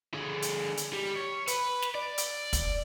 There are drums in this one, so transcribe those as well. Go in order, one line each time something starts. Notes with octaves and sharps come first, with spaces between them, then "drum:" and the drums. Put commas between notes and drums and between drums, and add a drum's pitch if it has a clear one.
D3 G#4
drum: hi-hat
drum: hi-hat
G3
C#5
B4, drum: hi-hat
drum: snare
D5
drum: hi-hat
drum: kick, hi-hat